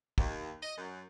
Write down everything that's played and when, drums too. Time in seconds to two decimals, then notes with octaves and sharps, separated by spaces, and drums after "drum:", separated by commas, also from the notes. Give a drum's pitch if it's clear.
0.18 D#2, drum: kick
0.62 D#5
0.77 F#2